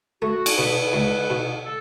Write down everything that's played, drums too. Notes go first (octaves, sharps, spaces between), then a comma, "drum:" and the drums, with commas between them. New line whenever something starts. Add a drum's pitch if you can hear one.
A3 F#4
drum: cymbal
B2 B4
C#2
B2
A4